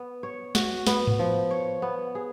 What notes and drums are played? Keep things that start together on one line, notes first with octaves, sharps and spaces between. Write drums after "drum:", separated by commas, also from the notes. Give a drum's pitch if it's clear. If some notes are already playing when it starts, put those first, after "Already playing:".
Already playing: B3
C#5
F#4, drum: snare
B3, drum: snare
drum: tom G#2
F3
C#5
B3
G#4